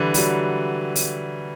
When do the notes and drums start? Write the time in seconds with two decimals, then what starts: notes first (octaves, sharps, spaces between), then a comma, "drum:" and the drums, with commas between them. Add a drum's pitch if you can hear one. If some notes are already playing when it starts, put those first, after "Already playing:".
Already playing: D3 E3 G3
0.14 G3, drum: open hi-hat
0.18 F#3
0.96 drum: open hi-hat